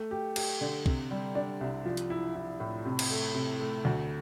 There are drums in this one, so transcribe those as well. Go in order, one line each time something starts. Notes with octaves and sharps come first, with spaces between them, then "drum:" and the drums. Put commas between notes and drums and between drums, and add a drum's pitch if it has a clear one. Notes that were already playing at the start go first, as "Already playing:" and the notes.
Already playing: A3
G4
G4, drum: cymbal
D3
C3, drum: kick
G3
D4
C2
F3
drum: hi-hat
E4
E4
A2
C3
drum: cymbal
A3
C3
A3
D2